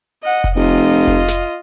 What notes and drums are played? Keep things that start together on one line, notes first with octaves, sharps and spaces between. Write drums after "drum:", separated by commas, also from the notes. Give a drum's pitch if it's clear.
D#5 F#5
drum: kick F1
F1 F4 D#5
drum: kick F1
drum: snare